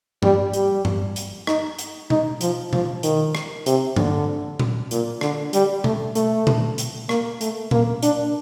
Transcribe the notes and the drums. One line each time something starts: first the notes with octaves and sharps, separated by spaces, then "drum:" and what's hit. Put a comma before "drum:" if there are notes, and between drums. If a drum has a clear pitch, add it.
G3, drum: tom G2
G3, drum: hi-hat
drum: tom G2
drum: hi-hat
D#4, drum: rim click
drum: hi-hat
D#4, drum: tom B2
F3, drum: hi-hat
F3, drum: tom B2
D#3, drum: hi-hat
drum: rim click
C3, drum: hi-hat
D3, drum: tom G2
drum: tom A#2
A#2, drum: hi-hat
D3, drum: rim click
G3, drum: hi-hat
A3, drum: tom B2
A3, drum: hi-hat
drum: tom A#2
drum: hi-hat
A#3, drum: rim click
A3, drum: hi-hat
A#3, drum: tom A#2
D4, drum: hi-hat